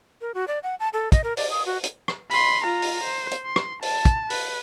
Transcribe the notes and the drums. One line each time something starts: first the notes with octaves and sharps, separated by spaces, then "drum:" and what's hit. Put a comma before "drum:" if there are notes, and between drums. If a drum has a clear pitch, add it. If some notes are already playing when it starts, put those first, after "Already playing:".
A#4
F#4
D5
F#5
A5
A4
D#5, drum: kick, hi-hat
A#4
D5, drum: open hi-hat
D#6
F#4
drum: hi-hat
drum: rim click
B5 C6, drum: open hi-hat
F4 A#5
drum: open hi-hat
C5
drum: hi-hat
C6
drum: rim click
A5, drum: open hi-hat
drum: kick, hi-hat
B4, drum: open hi-hat